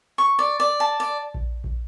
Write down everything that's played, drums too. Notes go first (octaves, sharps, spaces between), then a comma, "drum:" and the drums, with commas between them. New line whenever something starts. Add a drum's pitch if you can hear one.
C#6
D5
D5
A5
D5
drum: kick A#1
drum: kick A#1